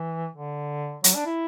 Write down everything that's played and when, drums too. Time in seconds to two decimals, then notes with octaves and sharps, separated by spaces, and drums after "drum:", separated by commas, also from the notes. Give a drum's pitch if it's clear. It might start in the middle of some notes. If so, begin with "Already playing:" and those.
Already playing: E3
0.36 D3
1.04 F#3, drum: hi-hat
1.15 D4
1.26 E4